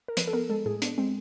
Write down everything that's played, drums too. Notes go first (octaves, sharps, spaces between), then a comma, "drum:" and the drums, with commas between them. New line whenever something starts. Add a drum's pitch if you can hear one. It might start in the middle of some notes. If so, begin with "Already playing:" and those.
A#4
F3 B4, drum: hi-hat
A4
B3 A#4
G#3 A4
A2 G#4
B3 D4, drum: hi-hat
G#3 C4